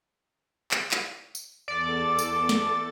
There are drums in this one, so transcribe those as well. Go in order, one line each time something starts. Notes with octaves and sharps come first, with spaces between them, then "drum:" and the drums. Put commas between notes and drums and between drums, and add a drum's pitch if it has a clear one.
drum: clap
drum: clap
drum: tambourine
E2 A4 D5 A6
drum: tambourine
drum: snare